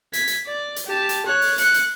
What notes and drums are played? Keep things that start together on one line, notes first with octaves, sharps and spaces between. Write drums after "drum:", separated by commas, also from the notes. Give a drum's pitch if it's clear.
G#6 B6, drum: hi-hat
drum: hi-hat
D5
drum: hi-hat
G4 A5
drum: hi-hat
C#5 F#6
drum: open hi-hat
F#6 C#7, drum: hi-hat
drum: hi-hat